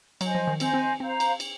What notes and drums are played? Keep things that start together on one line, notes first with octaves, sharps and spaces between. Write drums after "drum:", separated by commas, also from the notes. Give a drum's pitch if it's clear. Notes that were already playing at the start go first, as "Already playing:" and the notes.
F#3 C5 D#5 G#5, drum: cymbal
F3
D#3
C4 C5 D#5 G#5, drum: cymbal
C4
C4 C5 F5 A#5
drum: cymbal
drum: cymbal